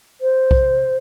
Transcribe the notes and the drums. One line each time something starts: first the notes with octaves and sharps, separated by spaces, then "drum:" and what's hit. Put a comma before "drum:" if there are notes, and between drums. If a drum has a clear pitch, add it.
C5
drum: kick B1